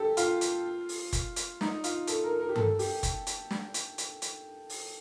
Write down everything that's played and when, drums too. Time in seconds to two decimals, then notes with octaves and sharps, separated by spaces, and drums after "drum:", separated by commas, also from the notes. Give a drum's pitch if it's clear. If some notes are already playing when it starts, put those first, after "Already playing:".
Already playing: G4 A4
0.17 F4, drum: hi-hat
0.41 drum: hi-hat
0.89 drum: open hi-hat
1.13 drum: kick F#1, hi-hat
1.36 drum: hi-hat
1.61 D#4, drum: snare
1.84 F4, drum: hi-hat
2.07 A4, drum: hi-hat
2.24 A#4
2.40 A#4
2.49 G4
2.56 A4, drum: tom G2
2.79 G4, drum: open hi-hat
3.03 drum: kick F#1, hi-hat
3.27 drum: hi-hat
3.51 drum: snare
3.74 drum: hi-hat
3.98 drum: hi-hat
4.22 drum: hi-hat
4.70 drum: open hi-hat